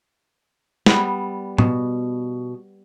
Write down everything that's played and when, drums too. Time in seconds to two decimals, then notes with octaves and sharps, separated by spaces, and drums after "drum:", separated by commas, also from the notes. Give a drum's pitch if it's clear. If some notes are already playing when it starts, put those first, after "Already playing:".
0.86 G3 B3, drum: snare
1.58 B2, drum: tom A2